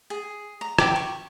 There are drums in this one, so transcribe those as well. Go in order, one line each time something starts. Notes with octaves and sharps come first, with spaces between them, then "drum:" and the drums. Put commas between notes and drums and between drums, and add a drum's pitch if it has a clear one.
G#4
A#5
G5 B5 D6, drum: rim click
C#6